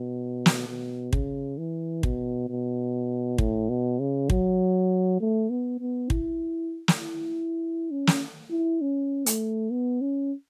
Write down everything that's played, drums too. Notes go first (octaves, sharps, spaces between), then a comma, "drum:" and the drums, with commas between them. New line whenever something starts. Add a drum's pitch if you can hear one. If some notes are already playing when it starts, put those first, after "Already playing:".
Already playing: B2
drum: snare
B2
C#3, drum: kick
E3
B2, drum: kick
B2
A2, drum: kick
B2
C#3
F#3, drum: kick
A3
B3
B3
E4, drum: kick
drum: snare
E4
C#4
drum: snare
E4
C#4
A3, drum: hi-hat
B3
C#4